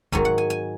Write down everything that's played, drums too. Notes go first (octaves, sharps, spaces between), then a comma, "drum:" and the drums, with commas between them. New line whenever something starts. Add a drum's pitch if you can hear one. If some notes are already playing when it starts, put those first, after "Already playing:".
G#2 D#3 F#3 G#5, drum: kick
F#5
G#5
G#5